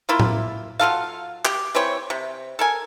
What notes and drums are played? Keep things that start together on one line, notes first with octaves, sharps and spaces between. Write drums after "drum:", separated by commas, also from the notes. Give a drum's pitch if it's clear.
A#3 E4 F4
drum: tom A2
F#3 F4 A4 F5
G4, drum: clap
E3 C4 C#5 G5
C3
A4 A#4 G#5